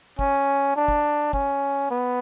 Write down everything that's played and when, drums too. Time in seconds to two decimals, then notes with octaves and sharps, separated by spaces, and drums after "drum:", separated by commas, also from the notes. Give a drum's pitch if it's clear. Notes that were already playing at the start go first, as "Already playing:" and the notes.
0.19 C#4, drum: kick
0.76 D4
0.88 drum: kick
1.33 C#4, drum: kick
1.91 B3